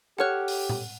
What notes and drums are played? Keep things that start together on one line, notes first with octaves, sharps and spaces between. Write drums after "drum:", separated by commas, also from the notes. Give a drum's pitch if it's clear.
G4 A4 C#5 F#5 F6 F#6
drum: open hi-hat
drum: tom A#2